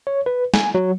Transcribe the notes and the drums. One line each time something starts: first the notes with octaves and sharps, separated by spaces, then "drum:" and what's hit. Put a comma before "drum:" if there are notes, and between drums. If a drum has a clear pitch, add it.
C#5
B4
G#5, drum: snare
F#3